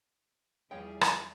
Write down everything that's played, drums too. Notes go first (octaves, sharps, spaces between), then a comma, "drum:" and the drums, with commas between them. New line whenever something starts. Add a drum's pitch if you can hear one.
E2 E3 F3 G3 G#4 C#5 G5
drum: rim click